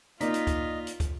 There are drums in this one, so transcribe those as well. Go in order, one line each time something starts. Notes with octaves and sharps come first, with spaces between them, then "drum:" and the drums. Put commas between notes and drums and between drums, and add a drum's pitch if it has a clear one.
A#3 D#4 F4 D5 D#5 B6, drum: hi-hat
drum: hi-hat
drum: kick, hi-hat
drum: hi-hat
drum: kick, hi-hat